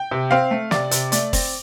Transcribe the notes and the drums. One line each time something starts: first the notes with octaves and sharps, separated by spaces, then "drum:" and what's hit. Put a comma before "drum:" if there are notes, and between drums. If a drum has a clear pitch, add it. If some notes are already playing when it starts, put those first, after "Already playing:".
Already playing: G5
C3
C4 F5
A3
C3 D5, drum: snare
C3, drum: hi-hat
A3 D5, drum: hi-hat
C4, drum: kick, open hi-hat